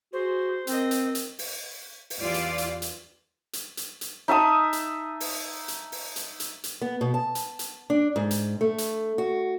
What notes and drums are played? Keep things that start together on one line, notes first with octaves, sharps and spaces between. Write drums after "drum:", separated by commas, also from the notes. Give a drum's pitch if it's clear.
F#4 G#4 C5
C4 A#4 D#5, drum: hi-hat
drum: hi-hat
drum: hi-hat
drum: open hi-hat
drum: open hi-hat
E2 E3 F4 G4 D5
drum: hi-hat
drum: hi-hat
drum: hi-hat
drum: hi-hat
drum: hi-hat
drum: hi-hat
D#4 E5 A5 D#6
drum: hi-hat
drum: open hi-hat
drum: hi-hat
drum: open hi-hat
drum: hi-hat
drum: hi-hat
drum: hi-hat
B3
B2
A5
drum: hi-hat
drum: hi-hat
D4
G#2
drum: hi-hat
A3
drum: hi-hat
F#4